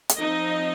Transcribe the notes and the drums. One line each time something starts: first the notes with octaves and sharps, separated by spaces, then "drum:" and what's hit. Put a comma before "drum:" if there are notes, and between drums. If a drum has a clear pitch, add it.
drum: hi-hat
F3 C4 D#4 D#5